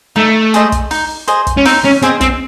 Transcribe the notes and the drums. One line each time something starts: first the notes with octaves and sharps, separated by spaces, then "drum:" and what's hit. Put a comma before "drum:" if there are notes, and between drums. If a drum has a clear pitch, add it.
A3 D#4
G#4 C5 D#5, drum: hi-hat
drum: kick, hi-hat
D#4, drum: open hi-hat
G#4 C5 D#5, drum: hi-hat
drum: kick, hi-hat
C#4
C4 D#4, drum: open hi-hat
C#4
C4 G#4 C5 D#5, drum: hi-hat
C4, drum: kick, hi-hat